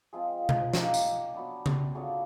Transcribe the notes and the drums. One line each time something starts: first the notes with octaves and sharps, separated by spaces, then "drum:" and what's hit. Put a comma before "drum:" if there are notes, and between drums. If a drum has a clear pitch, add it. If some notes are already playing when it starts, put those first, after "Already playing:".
F3 G#3 C4 F4 G#4
drum: tom B2
A#3 D#4 G4, drum: snare
drum: tambourine
F#3 B3 D4
drum: tom C#3
F#3 A3 D4 F4 G#4